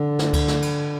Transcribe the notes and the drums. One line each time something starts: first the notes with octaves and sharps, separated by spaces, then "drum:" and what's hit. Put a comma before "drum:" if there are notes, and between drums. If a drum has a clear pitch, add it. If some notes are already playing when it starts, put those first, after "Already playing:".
Already playing: D3
drum: snare
drum: kick C#2, cymbal
drum: snare
drum: cymbal